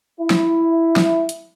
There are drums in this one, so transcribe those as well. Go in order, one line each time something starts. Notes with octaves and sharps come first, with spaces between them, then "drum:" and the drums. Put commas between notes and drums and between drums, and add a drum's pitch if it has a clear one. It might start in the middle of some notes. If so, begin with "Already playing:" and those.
E4
drum: snare
drum: snare
drum: hi-hat